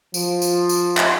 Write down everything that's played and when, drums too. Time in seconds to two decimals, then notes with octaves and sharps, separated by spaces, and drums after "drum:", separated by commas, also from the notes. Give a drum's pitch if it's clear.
0.14 F3, drum: tambourine
0.42 drum: tambourine
0.69 drum: tambourine
0.97 drum: clap